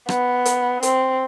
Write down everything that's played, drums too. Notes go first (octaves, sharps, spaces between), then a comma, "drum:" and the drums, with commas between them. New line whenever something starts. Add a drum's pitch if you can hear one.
B3, drum: rim click
drum: hi-hat
C4, drum: hi-hat